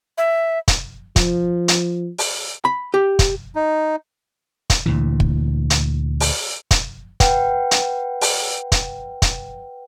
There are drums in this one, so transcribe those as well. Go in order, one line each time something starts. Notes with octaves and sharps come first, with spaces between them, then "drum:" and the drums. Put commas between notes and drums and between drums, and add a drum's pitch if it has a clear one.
E5
drum: kick, hi-hat
F3, drum: kick, hi-hat
drum: hi-hat
drum: open hi-hat
B5
G4
drum: kick, hi-hat
D#4
drum: kick, hi-hat
D2 A#2 E3
drum: kick
drum: hi-hat
drum: open hi-hat
drum: kick, hi-hat
B4 F#5 G5, drum: kick, hi-hat
drum: hi-hat
drum: open hi-hat
drum: kick, hi-hat
drum: kick, hi-hat